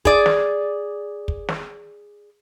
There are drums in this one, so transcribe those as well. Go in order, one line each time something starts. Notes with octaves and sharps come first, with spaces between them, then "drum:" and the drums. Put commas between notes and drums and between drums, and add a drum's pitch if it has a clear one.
G#4 D5, drum: kick
drum: snare
drum: kick
drum: snare